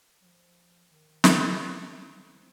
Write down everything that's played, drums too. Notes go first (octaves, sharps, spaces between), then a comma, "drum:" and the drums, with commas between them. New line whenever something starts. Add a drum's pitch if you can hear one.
F#3
F3
D#3
drum: snare
F3